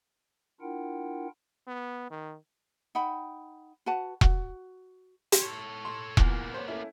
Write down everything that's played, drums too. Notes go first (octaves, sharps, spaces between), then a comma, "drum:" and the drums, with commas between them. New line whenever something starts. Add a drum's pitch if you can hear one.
D4 E4 F4 A#4 F#5 G5
B3
D#3
D#4 F#5 G5 B5
F#4 B4 F#5 A5
F#4, drum: kick E1
drum: hi-hat
A4 C#5
C6
E2 A#2 A#3 B3, drum: kick E1
C5 C#5
A3 C#4 E4